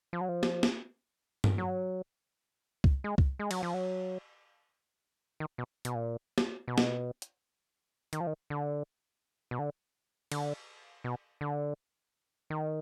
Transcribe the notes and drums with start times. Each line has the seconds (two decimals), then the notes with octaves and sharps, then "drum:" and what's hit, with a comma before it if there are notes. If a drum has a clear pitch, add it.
0.13 F3
0.21 F#3
0.29 F3
0.43 drum: snare
0.63 drum: snare
1.44 drum: tom G2
1.58 F#3
2.84 drum: kick C2
3.04 G#3
3.18 drum: kick C2
3.39 G#3
3.51 F#3, drum: cymbal
3.63 F3
3.74 F#3
5.40 D#3
5.58 B2
5.85 B2, drum: hi-hat
5.95 A#2
6.38 drum: snare
6.68 B2
6.78 drum: snare
7.22 drum: hi-hat
8.13 D#3, drum: hi-hat
8.20 F3
8.27 D#3
8.50 D3
9.51 B2
9.59 D3
10.32 D3, drum: cymbal
11.04 B2
11.41 D3
12.50 D#3